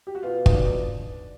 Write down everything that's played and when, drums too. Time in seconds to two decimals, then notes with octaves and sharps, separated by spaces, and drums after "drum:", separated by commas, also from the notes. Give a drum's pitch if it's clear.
0.07 G4
0.15 F#4
0.23 B2 F4
0.46 D#4, drum: kick
0.54 D4